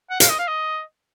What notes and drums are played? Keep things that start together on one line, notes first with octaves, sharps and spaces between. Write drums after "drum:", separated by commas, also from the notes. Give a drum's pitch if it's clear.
F#5
F5, drum: hi-hat
D#5
F5
D#5